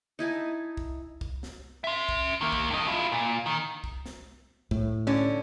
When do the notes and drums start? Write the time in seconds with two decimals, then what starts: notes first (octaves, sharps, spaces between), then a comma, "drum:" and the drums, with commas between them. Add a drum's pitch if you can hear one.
0.19 D#4 E4 G#5 A5
0.77 drum: kick C2
1.21 drum: kick C2
1.43 drum: snare
1.84 E5 C6
2.09 drum: kick C2
2.41 D#3 A#3
2.52 drum: kick C2
2.70 G2 D#5
2.88 E4 F4
3.12 A#2
3.46 D#3
3.84 drum: kick C2
4.06 drum: snare
4.71 A2, drum: kick C2
5.07 D3 C#4